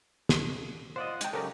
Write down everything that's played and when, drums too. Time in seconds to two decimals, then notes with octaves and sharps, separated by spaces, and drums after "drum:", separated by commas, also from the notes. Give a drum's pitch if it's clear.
0.29 C4 G4, drum: snare
0.96 F4 C5 D5 D#5 F#5
1.21 G#3 G5 A5 C#6, drum: hi-hat
1.33 C#3 F#3 C#4 D#4 G4 A4 A#4 D5